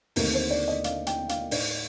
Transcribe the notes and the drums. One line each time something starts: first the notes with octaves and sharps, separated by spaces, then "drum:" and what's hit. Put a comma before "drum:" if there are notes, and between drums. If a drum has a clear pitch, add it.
D#2 D3 A3 C4 D#4 A#4, drum: open hi-hat
C5
D5
D#5
F5, drum: hi-hat
G5, drum: hi-hat
F5, drum: hi-hat
A2 A3 D#4 D5, drum: open hi-hat